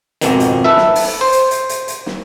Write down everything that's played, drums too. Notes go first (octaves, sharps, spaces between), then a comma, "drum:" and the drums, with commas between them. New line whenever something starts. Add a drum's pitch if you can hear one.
G#1 F2 B2 D#3, drum: hi-hat
drum: hi-hat
A4 B4 E5
drum: snare
drum: open hi-hat
C5
drum: hi-hat
drum: hi-hat
drum: hi-hat
drum: hi-hat
drum: snare